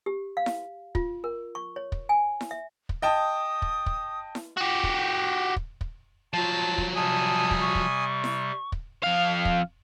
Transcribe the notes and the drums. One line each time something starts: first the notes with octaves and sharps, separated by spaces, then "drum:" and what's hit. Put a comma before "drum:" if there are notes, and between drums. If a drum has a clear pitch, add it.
G4
F5
drum: snare E4
F4, drum: kick
A#4
C#6
C#5
drum: kick
G#5
drum: snare E4
E5
drum: kick
D#5 G5 A5 D#6
drum: kick
drum: kick
drum: snare E4
F#4 G4
drum: kick
drum: kick
drum: kick
F3 F#3 F4 A5
drum: kick
C3 G3 G#5 A5 D#6
drum: kick
C#6
drum: kick
drum: snare E4
drum: kick
F2 F5
drum: kick